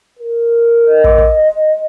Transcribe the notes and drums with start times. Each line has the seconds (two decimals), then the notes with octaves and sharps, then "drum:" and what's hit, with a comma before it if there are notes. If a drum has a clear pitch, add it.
0.19 A#4
0.87 D#5
1.04 drum: kick
1.18 drum: kick